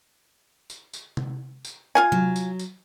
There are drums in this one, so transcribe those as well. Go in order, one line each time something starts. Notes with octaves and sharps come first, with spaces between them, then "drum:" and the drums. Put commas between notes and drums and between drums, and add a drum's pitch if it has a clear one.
drum: tambourine
drum: tambourine
drum: tom C3
drum: tambourine
F4 F5 G#5
F#3, drum: tom C3
drum: tambourine
drum: tambourine